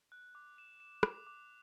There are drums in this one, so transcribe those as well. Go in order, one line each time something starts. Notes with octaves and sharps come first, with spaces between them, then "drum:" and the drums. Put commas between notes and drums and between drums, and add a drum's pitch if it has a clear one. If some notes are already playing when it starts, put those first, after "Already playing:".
F#6
D6
E7
E7
D6, drum: rim click
D6